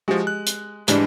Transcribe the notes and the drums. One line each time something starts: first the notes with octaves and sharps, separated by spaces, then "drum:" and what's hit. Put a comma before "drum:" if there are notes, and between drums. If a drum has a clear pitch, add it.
F3 G#3 F#4 G4
F#6
drum: hi-hat
G#2 E3 G3 G#3 D4 G4 D5, drum: hi-hat